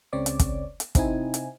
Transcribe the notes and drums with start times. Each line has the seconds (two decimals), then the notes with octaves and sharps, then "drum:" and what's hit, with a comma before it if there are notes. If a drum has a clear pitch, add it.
0.13 C#2 C#3 C4 C#5 D5 D6
0.26 drum: hi-hat
0.39 drum: kick, hi-hat
0.80 drum: hi-hat
0.95 C3 C4 D#4 E4 G#5, drum: kick, hi-hat
1.34 drum: hi-hat